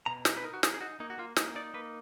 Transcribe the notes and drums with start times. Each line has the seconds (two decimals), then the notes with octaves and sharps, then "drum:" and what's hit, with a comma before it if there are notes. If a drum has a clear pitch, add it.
0.06 B2 A#5
0.25 D#4 D#5, drum: snare
0.37 B4
0.44 D#4 A#4
0.54 F#4
0.63 D#4 G#4, drum: snare
0.74 G#4
0.81 D#4 F#4
1.00 A#3 D#4
1.10 F#4
1.18 A#3 F4
1.36 A#3 D#4, drum: snare
1.55 D#4 D5
1.74 A#3 B4